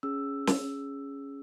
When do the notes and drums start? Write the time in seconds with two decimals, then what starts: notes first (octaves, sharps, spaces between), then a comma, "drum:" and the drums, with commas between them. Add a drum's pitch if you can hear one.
0.03 C#4 G#4 E6
0.47 drum: snare